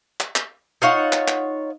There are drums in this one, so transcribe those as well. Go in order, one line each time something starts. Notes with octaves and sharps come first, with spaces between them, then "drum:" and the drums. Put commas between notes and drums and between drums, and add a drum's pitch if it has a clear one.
drum: clap
drum: clap
D#4 F4 C#5 F#5
drum: clap
drum: clap